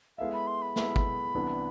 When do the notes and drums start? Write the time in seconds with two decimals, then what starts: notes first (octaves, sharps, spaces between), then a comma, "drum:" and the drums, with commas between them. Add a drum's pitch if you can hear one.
0.18 G#3 B3 E4 A4 E5 F5
0.33 B5
0.47 C6
0.62 B5
0.76 G#3 B3 E4 A4 E5, drum: snare A#3
0.96 drum: kick
1.34 C2 C3 E3 B3 D4